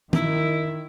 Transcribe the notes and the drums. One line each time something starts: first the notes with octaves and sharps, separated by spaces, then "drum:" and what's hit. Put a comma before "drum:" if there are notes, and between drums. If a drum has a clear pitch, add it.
D#3 E4, drum: tom